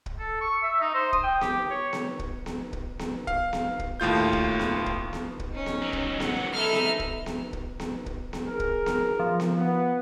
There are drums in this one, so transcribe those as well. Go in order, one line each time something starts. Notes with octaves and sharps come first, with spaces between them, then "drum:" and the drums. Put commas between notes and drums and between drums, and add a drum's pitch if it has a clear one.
drum: kick
A4
C#6
E5
D#4
C5
D#6, drum: kick
G5
G4, drum: snare B3
C#5
drum: snare B3
drum: kick
drum: snare B3
drum: kick
drum: snare B3
F5, drum: kick
drum: snare B3
drum: kick
D#2 A2 F4 G6
drum: kick
drum: snare B3
drum: kick
drum: snare B3
drum: kick
C#4 D#4
drum: snare B3
F#3 G3
drum: kick
F#5, drum: snare B3
D#4 A4 E5 B5 F6
drum: snare B3
drum: kick
drum: snare B3
drum: kick
drum: snare B3
drum: kick
drum: snare B3
G#4 A#4
drum: kick
drum: snare B3
F3
drum: snare B3
B3